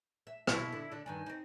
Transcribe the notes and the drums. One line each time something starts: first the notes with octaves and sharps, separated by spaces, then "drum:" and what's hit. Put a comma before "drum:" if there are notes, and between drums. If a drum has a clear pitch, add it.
E5
B2 E4, drum: rim click
D3
D3 D4
G2 D#3 D4 G#5
C4 D#4